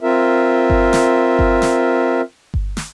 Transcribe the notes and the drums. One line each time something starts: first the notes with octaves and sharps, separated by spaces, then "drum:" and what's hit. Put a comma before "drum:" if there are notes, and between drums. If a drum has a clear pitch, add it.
C4 F4 A#4 E5
drum: kick G1
drum: snare
drum: kick G1
drum: snare
drum: kick G1
drum: snare